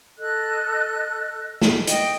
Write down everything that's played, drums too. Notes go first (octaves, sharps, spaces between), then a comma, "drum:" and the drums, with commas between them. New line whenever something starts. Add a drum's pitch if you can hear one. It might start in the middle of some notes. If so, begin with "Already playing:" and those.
A4 D#5 F#6
drum: snare
D#5 G5, drum: hi-hat